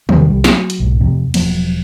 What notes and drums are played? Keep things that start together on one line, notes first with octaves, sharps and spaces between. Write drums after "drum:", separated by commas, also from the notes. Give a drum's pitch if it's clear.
E2 C3 D#3 G3, drum: tom
C2 G3
F#3, drum: snare
drum: hi-hat
B1 G#2
F2 C3
E1 F3 F#3 B3, drum: cymbal